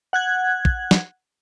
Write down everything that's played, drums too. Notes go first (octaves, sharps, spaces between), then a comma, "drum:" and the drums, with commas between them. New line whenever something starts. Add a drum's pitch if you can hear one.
F#5 F#6 G#6
drum: kick
drum: snare